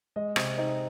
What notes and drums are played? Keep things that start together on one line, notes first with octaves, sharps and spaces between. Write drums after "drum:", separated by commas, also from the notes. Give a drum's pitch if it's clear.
G#3 D#5
C3, drum: rim click
C4 D#4